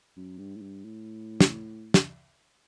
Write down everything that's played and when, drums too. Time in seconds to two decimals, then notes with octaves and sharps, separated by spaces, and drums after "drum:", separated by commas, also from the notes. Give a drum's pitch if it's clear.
0.16 F#2
0.38 G2
0.56 A2
0.61 G2
0.85 A2
1.40 drum: snare
1.94 drum: snare